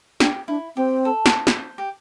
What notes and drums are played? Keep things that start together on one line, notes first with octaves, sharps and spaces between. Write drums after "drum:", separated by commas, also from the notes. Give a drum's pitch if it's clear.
D4 G4, drum: snare
D4 E4
C4 G4
A4
drum: snare
C5, drum: snare
G4